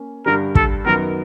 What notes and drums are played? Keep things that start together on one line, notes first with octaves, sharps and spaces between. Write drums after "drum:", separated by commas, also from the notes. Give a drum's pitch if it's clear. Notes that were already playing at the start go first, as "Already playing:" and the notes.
Already playing: A#3 C#4
G2 D3 G3 A#4
A4, drum: kick
F#2 D#3 F#3 B3 A#4